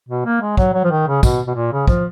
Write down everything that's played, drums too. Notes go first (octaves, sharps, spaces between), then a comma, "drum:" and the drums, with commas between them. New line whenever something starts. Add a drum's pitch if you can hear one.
B2
A#3
G#3
F#3, drum: kick
F#3
F3
D#3
C#3
B2, drum: kick, tambourine
B2
A#2
C#3
F3, drum: kick